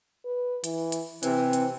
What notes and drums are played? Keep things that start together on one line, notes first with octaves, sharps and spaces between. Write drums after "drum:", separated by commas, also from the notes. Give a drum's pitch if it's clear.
B4
E3, drum: hi-hat
drum: hi-hat
C3 E3 C4, drum: hi-hat
drum: hi-hat